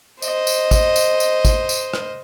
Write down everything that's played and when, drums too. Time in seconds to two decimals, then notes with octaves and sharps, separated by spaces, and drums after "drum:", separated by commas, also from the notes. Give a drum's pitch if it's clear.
0.22 C5 D#5, drum: tambourine
0.47 drum: tambourine
0.71 drum: kick, tambourine
0.96 drum: tambourine
1.20 drum: tambourine
1.45 drum: kick, tambourine
1.69 drum: tambourine
1.94 drum: rim click